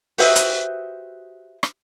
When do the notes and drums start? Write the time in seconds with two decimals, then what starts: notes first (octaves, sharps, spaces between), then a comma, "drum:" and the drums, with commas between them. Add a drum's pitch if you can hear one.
0.18 F#4 G4 B4 C5 D#5 E5, drum: open hi-hat
0.36 drum: hi-hat
1.63 drum: rim click